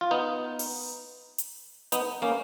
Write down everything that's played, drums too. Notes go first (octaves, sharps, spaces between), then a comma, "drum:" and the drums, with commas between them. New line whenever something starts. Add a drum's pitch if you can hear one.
F4
B3 D#4
drum: open hi-hat
drum: hi-hat
B3 D#4, drum: hi-hat
A#3 C#4